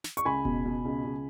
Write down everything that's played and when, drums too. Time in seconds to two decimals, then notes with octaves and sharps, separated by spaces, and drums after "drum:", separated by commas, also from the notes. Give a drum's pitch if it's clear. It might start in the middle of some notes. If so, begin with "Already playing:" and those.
0.04 drum: snare
0.17 C#6, drum: hi-hat
0.25 C#2 G#5 B5
0.45 B2, drum: kick F1
0.66 B2
0.85 C#2
1.04 C#2